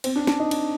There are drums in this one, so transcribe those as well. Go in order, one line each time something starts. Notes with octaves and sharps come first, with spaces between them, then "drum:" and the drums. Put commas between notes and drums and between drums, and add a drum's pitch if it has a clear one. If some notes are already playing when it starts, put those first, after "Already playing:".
C4, drum: cymbal
D4
D4, drum: snare
D#4
D4, drum: cymbal